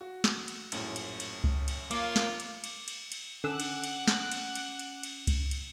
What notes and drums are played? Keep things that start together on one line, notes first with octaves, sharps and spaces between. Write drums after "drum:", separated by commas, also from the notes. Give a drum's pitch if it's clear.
F#4
drum: snare
drum: cymbal
A#1 F#2 A2, drum: cymbal
drum: cymbal
drum: cymbal
drum: kick C#2
drum: cymbal
A#3 F4 D6, drum: cymbal
drum: snare
drum: cymbal
drum: cymbal
drum: cymbal
drum: cymbal
D3 C#4 F#5 D6 E6 F#6
drum: cymbal
drum: cymbal
drum: snare
drum: cymbal
drum: cymbal
drum: cymbal
drum: cymbal
drum: kick C#2, cymbal
drum: cymbal